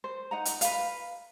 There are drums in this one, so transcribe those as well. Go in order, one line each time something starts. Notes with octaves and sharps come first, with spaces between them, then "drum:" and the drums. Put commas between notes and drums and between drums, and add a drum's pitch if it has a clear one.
C5
D#4 F#5 A#5
drum: hi-hat
B4 F5, drum: hi-hat